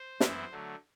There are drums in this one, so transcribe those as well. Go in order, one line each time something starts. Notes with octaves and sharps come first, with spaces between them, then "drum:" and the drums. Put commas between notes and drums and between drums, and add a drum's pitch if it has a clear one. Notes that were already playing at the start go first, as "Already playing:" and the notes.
Already playing: C5
F#2 E3 B3 E4, drum: snare
D3 F#3 A3